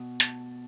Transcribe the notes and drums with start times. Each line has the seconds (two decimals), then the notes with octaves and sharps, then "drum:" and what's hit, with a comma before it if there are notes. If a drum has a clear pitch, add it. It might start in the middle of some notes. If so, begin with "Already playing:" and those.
Already playing: B2
0.20 A5, drum: hi-hat